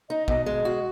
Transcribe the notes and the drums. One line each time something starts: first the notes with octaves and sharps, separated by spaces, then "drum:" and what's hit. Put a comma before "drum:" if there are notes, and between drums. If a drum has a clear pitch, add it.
D#4 D#5
B2 D#5, drum: kick
G#3 D#5
F#4